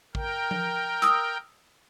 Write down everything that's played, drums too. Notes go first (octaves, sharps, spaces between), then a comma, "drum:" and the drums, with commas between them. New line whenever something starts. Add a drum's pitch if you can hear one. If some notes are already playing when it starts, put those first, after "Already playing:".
A#4 G5, drum: kick A1
drum: tom F3
D#6 E6, drum: hi-hat